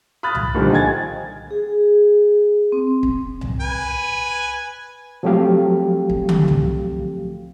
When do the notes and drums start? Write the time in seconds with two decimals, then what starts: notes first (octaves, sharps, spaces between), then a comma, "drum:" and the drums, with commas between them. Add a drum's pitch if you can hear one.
0.23 B5 D#6 F6 F#6 A6
0.35 drum: tom C2
0.54 A#2 D3 D#3 F3 G3
0.72 D#5 G5 G#5 G#6 A6
1.51 G#4
2.72 C4
3.03 drum: kick
3.41 drum: tom C2
3.60 B4 G#5
5.23 F3 F#3 A3 C4 G4 F5
6.10 drum: kick
6.29 drum: tom
6.48 drum: tom C2